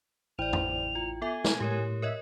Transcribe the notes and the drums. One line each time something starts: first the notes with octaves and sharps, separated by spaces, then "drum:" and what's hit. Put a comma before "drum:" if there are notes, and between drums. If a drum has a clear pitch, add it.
A1 E4 C5 D5 G5 F7
drum: tom F2
F4
B3 A4 E5 G#5
drum: snare
A2 G4 A#4 C#5
A#4 C#5 D#5 E5